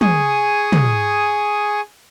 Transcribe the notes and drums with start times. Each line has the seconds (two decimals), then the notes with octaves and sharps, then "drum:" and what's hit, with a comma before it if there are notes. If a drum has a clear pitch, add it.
0.01 G#4 G#5 C#6 D#6, drum: tom
0.72 drum: tom